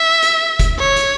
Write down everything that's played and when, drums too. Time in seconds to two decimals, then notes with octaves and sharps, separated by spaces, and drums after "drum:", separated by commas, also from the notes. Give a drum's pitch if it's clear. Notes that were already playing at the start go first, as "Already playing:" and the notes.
Already playing: E5
0.22 drum: hi-hat
0.59 drum: kick F#1, hi-hat
0.79 C#5
0.97 drum: hi-hat